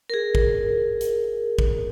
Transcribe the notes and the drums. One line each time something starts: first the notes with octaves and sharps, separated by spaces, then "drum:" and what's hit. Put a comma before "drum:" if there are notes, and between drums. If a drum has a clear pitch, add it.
G#4 A#4
drum: kick
drum: hi-hat
drum: kick